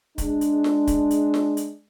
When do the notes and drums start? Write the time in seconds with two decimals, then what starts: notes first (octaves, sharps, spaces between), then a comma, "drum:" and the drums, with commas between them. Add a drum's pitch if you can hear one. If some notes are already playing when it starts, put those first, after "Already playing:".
0.18 G#3 D4, drum: kick, hi-hat
0.41 drum: hi-hat
0.64 drum: snare
0.87 drum: kick, hi-hat
1.11 drum: hi-hat
1.34 drum: snare
1.57 drum: hi-hat